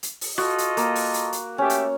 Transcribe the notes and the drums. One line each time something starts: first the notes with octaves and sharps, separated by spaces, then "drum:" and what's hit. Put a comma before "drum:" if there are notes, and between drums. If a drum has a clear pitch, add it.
drum: hi-hat
drum: open hi-hat
F4 F#4 A4 D#5, drum: rim click
drum: hi-hat
A#3, drum: hi-hat
drum: open hi-hat
drum: hi-hat
drum: hi-hat
A3 C#4 G4
drum: hi-hat